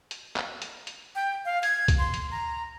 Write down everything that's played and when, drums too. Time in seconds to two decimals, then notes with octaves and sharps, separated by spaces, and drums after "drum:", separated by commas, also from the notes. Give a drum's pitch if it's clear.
0.11 drum: hi-hat
0.36 drum: clap
0.62 drum: hi-hat
0.87 drum: hi-hat
1.15 G5
1.45 F5
1.63 G#6, drum: hi-hat
1.88 drum: kick C2, hi-hat
1.99 C6
2.14 drum: hi-hat
2.31 A#5